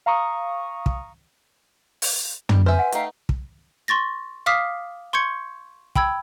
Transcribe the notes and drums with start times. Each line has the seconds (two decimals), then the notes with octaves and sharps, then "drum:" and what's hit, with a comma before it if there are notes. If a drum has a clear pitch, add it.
0.06 F5 A#5 C#6 D#6
0.86 drum: kick
2.02 drum: open hi-hat
2.49 G3, drum: tom
2.66 B4 C5 E5 G#5 C6
2.79 F#5
2.92 A3 D#4 E5 F5 G5, drum: hi-hat
3.29 drum: kick
3.88 C6 C#6 A6 A#6
4.46 F5 D6 D#6 F6 B6 C7
5.13 C6 C#6 G6 G#6 C#7
5.96 G5 B5 E6 G#6, drum: kick